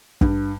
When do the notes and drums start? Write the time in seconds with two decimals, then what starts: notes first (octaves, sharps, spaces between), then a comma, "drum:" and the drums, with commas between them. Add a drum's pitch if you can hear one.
0.21 G2, drum: kick